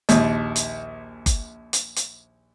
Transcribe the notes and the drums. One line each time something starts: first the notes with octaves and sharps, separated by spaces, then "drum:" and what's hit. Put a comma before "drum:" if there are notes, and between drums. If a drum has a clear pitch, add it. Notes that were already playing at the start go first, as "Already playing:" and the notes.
A#1 D#2, drum: hi-hat
drum: hi-hat
drum: kick F#1, hi-hat
drum: hi-hat
drum: hi-hat